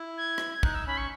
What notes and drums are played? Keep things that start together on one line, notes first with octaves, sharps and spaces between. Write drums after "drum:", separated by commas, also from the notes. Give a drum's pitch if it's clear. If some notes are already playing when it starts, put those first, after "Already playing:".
Already playing: E4
G#6
drum: rim click
D#4 F#6, drum: kick
E6
C#4 B5
C#6